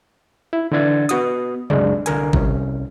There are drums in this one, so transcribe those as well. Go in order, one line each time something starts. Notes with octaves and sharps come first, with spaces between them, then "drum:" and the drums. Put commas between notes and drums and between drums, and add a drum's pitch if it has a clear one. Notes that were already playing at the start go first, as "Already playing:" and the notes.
E4
D3 E3 D4 G#6 A6
B3 F#4 D#6, drum: hi-hat
C2 F#2 G#3 D4 D5, drum: tom C3
C2 D3 A#4 G#5, drum: hi-hat
C2 C#4, drum: kick